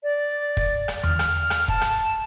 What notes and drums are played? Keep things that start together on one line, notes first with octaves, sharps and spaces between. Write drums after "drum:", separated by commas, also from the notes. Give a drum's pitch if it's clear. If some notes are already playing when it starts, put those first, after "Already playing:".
D5
drum: kick
drum: rim click
F6, drum: tom E2
drum: rim click
drum: rim click
A5, drum: kick
drum: rim click